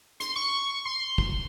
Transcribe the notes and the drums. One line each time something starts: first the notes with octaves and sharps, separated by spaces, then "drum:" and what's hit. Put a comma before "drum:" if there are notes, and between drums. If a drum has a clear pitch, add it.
C6, drum: hi-hat
C#6
C6
drum: kick